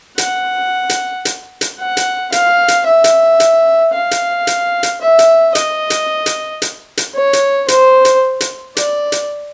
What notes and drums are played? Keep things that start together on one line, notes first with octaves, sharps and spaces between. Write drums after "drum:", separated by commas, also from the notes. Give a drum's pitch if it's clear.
F#5, drum: hi-hat
drum: hi-hat
drum: hi-hat
drum: hi-hat
F#5
drum: hi-hat
F5, drum: hi-hat
drum: hi-hat
E5
drum: hi-hat
drum: hi-hat
F5
drum: hi-hat
drum: hi-hat
drum: hi-hat
E5
drum: hi-hat
D#5, drum: hi-hat
drum: hi-hat
drum: hi-hat
drum: hi-hat
drum: hi-hat
C#5
drum: hi-hat
C5, drum: hi-hat
drum: hi-hat
drum: hi-hat
D5, drum: hi-hat
drum: hi-hat